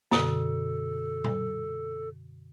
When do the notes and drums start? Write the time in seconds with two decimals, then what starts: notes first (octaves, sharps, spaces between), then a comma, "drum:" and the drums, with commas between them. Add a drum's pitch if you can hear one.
0.11 F#2 B2 D3 A4, drum: snare
1.24 drum: tom A#2